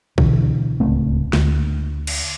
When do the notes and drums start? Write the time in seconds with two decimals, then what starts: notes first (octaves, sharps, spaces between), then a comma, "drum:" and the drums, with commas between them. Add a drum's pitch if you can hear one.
0.18 B2 D3 E3, drum: kick A#1
0.80 D1 C#2 A3 C4
1.33 D2, drum: snare
2.07 drum: cymbal